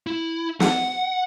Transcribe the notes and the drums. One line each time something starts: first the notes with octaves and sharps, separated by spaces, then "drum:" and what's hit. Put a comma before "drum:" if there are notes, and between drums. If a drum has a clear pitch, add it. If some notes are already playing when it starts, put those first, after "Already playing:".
E4
F#5, drum: snare